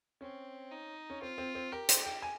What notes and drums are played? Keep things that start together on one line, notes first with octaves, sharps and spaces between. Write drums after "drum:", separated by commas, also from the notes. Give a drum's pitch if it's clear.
C4 C#4
D#4
C#4
C4 F4
C4
C4
G4 A#4
C5, drum: hi-hat
G5
G#5